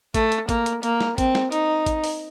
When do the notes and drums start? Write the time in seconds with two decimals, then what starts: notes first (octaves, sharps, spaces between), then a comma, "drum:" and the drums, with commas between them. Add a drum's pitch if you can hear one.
0.14 A3, drum: kick A1, hi-hat
0.32 drum: hi-hat
0.49 A#3, drum: kick A1, hi-hat
0.66 drum: hi-hat
0.83 A#3, drum: hi-hat
1.01 drum: snare
1.18 C4, drum: kick A1, hi-hat
1.35 drum: snare
1.52 D#4, drum: hi-hat
1.86 drum: kick A1, hi-hat
2.04 drum: open hi-hat